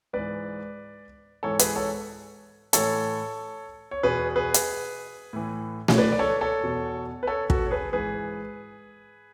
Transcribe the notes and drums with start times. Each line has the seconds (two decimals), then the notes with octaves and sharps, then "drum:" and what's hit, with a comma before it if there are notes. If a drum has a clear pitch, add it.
0.13 G#2 E3 B4 D5
1.43 G#2 E3 A4 C#5
1.59 G#4 B4, drum: hi-hat
1.75 A4 C#5
2.73 A2 E3 A4 C#5, drum: hi-hat
3.91 C#5
4.03 E2 B2 G#4 B4
4.36 G#4 B4
4.54 drum: hi-hat
5.33 A2 E3
5.88 C#5, drum: snare A3
5.98 B4 D5
6.12 D5
6.19 A4 C#5
6.41 A4 C#5
6.63 E2 B2
7.23 B4
7.27 A4 C#5
7.50 F#4 A4, drum: kick
7.66 C#5
7.71 G#4 B4
7.93 G#2 E3 G#4 B4